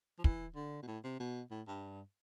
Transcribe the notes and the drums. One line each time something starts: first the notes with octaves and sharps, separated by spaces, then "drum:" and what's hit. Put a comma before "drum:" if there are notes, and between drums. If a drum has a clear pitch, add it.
F3
E3, drum: kick
D3
B2
A2
C3
B2
A2
G2